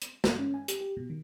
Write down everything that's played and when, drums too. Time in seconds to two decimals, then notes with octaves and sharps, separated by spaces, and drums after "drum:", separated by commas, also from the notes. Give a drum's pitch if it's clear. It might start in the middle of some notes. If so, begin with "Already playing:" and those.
0.02 drum: hi-hat
0.24 drum: snare
0.38 C#4
0.54 G#5
0.68 G4, drum: hi-hat
0.81 G4
0.97 B2
1.10 D#3